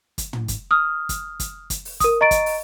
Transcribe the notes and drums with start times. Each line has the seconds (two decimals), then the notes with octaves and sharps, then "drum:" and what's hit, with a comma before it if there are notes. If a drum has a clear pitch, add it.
0.18 drum: kick, hi-hat
0.33 drum: tom
0.48 drum: kick, hi-hat
0.71 D#6 F6
1.09 drum: kick, hi-hat
1.40 drum: kick, hi-hat
1.70 drum: kick, hi-hat
1.85 drum: open hi-hat
2.00 A#4 D#6, drum: kick, hi-hat
2.21 D#5 A#5 C#6 A6 D7
2.31 drum: kick, hi-hat
2.46 drum: open hi-hat